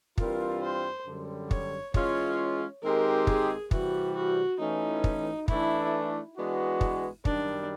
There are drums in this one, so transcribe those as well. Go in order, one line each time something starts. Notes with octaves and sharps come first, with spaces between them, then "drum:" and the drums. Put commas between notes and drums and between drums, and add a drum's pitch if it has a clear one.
G2 E3 G3 C4 F4 A#4, drum: kick
C5
F#2 D3 G3
C#5, drum: kick
E3 G#3 C#4 F4 C#5, drum: kick
D#3 G#3 C4 D#4 G4 A#4
G#4, drum: kick
C3 E3 G3 F#4, drum: kick
F#4
E3 A3 C#4 D#4
drum: kick
E3 A3 D4 E4, drum: kick
E3 G#3 B3 D4 F#4
drum: kick
F#2 D#3 G3 D4, drum: kick